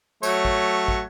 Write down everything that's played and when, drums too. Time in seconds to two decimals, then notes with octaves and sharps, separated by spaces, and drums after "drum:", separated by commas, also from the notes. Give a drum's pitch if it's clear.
0.23 F#3 A3 C#5, drum: tambourine
0.45 drum: kick
0.88 drum: kick